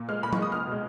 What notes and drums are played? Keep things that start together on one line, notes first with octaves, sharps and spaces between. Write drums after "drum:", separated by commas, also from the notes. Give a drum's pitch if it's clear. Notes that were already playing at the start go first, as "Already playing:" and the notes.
Already playing: A#2
G#3 F6
A#2 B5
C#6, drum: tom F#3
G#3 D#6
C#2 F6
B2 G#3